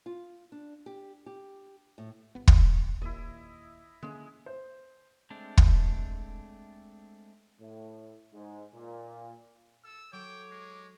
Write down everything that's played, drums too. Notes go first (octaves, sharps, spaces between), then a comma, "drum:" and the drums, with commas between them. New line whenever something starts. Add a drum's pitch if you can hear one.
F4
D4
G4
G4
A2
G1 B3
drum: kick
D#2 A#2 E4 D#5
D3 G#3 A#3 C#4
C5
G#3 A3 C4 D4
drum: kick
A2
G#2
A#2
A4 E6
F#3 A4 C#5 G5 D6
G#3